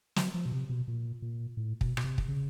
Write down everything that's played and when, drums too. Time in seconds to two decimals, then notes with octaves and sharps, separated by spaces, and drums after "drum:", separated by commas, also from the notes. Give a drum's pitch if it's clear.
0.16 F#3, drum: snare
0.34 F3
0.45 B2
0.52 C3
0.69 B2
0.88 A#2
1.22 A#2
1.57 A2
1.81 B2, drum: kick
1.97 B2, drum: rim click
2.04 C3
2.18 drum: kick
2.28 C#3